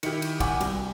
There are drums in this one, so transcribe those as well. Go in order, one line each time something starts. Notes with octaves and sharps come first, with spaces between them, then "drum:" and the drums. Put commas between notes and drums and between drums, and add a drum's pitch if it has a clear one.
D#3 E4 G4 C#7, drum: cymbal
drum: cymbal
F#5 G#5 D6, drum: kick, cymbal
C2, drum: cymbal